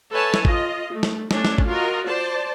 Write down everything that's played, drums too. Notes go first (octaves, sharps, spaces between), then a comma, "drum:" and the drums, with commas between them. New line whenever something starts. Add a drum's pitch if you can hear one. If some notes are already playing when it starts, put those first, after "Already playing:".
A4 B4 C#5 E5 G#5 A5
drum: snare
F4 D#5, drum: kick G#1
A3
drum: snare
A3 C#4 D4, drum: snare
drum: snare
drum: kick G#1
F4 F#4 A#4 D#5
C5 D5 A5